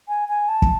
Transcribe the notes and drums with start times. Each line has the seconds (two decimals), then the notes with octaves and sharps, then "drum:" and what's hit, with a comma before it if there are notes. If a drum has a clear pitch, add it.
0.08 G#5
0.29 G#5
0.48 A5
0.62 drum: kick